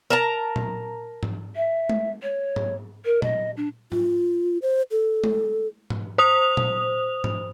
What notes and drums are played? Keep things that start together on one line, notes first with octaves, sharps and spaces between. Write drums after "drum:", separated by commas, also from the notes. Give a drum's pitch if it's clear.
A#4 A5 A#5
drum: tom A#2
drum: tom G#2
E5
drum: tom G#3
C#5
drum: tom G#2
A#4
D#5, drum: tom A#2
D4
F4, drum: tom G#2
C5
A4
drum: tom G#3
drum: tom G#2
C5 D#6 F7
drum: tom A#2
drum: tom G#2